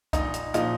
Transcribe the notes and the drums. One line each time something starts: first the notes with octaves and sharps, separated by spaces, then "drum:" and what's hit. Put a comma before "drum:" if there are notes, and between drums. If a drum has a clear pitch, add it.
A#1 D#4, drum: kick, hi-hat
drum: hi-hat
A#2 F3 D#4, drum: hi-hat